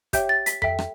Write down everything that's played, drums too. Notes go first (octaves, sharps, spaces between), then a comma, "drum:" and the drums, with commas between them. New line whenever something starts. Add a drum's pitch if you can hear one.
G4 C#5 E5 G5 G6, drum: kick, hi-hat
A6
B6, drum: hi-hat
A4 E5 G5 B6, drum: tom F2
drum: rim click